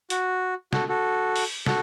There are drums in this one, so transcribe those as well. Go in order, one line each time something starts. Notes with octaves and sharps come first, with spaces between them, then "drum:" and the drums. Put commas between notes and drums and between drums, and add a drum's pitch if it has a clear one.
F#4, drum: hi-hat
F#4 A4, drum: snare
F#4 A4
drum: open hi-hat
F#4 A4, drum: snare